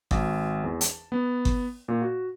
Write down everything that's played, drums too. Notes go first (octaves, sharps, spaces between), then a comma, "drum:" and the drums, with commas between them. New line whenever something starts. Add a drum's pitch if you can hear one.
G#1, drum: kick G1
E2
A5, drum: hi-hat
B3
drum: kick G1
A#2
F#4